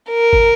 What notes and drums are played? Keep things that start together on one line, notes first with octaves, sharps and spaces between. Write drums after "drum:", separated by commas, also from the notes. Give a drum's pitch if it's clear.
A#4
drum: kick